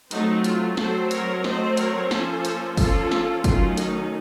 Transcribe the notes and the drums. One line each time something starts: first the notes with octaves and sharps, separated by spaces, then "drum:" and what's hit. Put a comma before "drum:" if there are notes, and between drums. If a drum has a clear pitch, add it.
F#3 A3 C4 D#4, drum: hi-hat
F4, drum: hi-hat
F#3 A3 C4 A4 C5, drum: snare
A#4 C#5, drum: hi-hat
F#3 A3 C4 C5 D#5, drum: snare
A#4 C#5, drum: hi-hat
F3 A#3 C#4 A4 C5, drum: snare
drum: hi-hat
F3 A#3 C#4 F4 A4, drum: kick, open hi-hat
drum: snare
D#3 F#3 A3 C#4 F4, drum: kick, hi-hat
D#4, drum: hi-hat